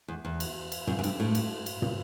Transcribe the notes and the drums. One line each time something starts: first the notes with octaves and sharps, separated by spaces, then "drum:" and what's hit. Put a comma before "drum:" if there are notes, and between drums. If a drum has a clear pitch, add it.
E2
E2
drum: cymbal
drum: cymbal
F#2, drum: tom
F#2
G2, drum: cymbal
A2
drum: cymbal
drum: cymbal
drum: tom